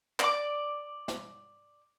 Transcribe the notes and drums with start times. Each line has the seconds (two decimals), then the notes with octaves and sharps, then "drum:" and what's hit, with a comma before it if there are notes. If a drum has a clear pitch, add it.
0.20 D5 D6, drum: clap
1.08 drum: snare